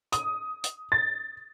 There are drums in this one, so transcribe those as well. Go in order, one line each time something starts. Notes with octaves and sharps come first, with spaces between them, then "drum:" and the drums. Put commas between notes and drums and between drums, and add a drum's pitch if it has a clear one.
D#6, drum: hi-hat
drum: hi-hat
A6